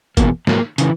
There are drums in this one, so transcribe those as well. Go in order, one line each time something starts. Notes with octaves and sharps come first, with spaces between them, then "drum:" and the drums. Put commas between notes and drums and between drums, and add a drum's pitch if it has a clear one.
E2 B2 A#3, drum: kick, hi-hat
G#2 F#3 A#3, drum: snare
C#3 E3, drum: hi-hat